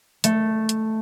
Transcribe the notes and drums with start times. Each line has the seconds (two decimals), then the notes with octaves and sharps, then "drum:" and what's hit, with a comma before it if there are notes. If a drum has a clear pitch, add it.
0.24 A3, drum: hi-hat
0.69 drum: hi-hat